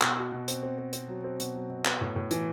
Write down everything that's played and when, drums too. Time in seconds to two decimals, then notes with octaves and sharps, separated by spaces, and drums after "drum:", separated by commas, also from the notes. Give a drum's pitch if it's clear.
0.01 B2, drum: clap
0.17 F#4
0.32 B2
0.48 C4, drum: hi-hat
0.63 C4
0.78 C4
0.93 C4, drum: hi-hat
1.08 F#3
1.24 C4
1.40 B2, drum: hi-hat
1.55 F#3
1.70 B2
1.85 B3, drum: clap
2.01 A2
2.16 A2
2.31 E3, drum: hi-hat